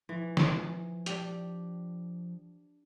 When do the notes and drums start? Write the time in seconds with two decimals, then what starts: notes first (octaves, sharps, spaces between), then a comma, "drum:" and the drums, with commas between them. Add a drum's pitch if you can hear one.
0.09 E3 F3
0.37 drum: snare
1.06 D4 G4, drum: hi-hat